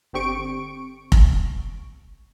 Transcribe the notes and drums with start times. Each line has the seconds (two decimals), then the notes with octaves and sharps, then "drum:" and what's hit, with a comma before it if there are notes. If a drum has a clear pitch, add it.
0.13 G1 D3 C4 G4 C#6 D7
1.12 drum: kick F1